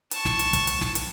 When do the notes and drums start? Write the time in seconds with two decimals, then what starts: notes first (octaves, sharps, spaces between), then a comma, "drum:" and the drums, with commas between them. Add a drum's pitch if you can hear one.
0.11 A5 C#6, drum: hi-hat
0.25 drum: snare
0.39 drum: hi-hat
0.53 drum: kick, hi-hat
0.67 drum: hi-hat
0.81 drum: snare
0.95 drum: hi-hat